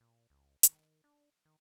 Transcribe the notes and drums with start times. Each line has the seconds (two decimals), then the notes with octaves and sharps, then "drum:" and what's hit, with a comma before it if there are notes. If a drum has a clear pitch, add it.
0.01 A#2
0.30 C#2
0.63 D#3, drum: hi-hat
1.04 D4
1.45 D#3